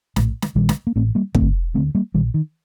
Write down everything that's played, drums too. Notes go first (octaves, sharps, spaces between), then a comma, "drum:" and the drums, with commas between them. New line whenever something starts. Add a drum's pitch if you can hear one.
A#1 A2, drum: snare
drum: snare
A#1 A#2 D#3 G3
drum: snare
A#3
A1 A2 A3 C4
G3 A#3
G2 D3 A3 C4, drum: kick
G1
D2 D3 A3 C4
G3 A#3
A#1 A#2 D#3 G3
D#3